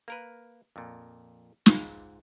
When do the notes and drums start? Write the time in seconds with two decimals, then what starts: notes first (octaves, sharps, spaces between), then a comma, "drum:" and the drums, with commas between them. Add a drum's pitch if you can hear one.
0.08 A#3 A#4 B4
0.76 F2 A#2
1.66 G#2 F4, drum: snare